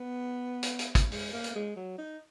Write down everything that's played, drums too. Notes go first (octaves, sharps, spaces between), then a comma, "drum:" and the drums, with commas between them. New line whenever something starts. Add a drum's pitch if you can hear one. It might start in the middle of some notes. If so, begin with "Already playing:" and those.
Already playing: B3
drum: hi-hat
drum: hi-hat
drum: kick, hi-hat
G#3, drum: open hi-hat
A#3
drum: hi-hat
G#3
F#3
D#4